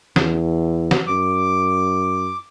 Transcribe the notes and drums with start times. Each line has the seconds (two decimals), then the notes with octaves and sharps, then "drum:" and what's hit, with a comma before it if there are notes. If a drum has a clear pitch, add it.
0.16 E2, drum: snare
0.91 drum: snare
1.07 F#2 D6